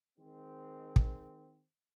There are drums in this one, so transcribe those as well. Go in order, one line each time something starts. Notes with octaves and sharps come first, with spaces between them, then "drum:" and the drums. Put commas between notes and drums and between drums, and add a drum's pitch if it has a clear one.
D#3 G#3 C4
drum: kick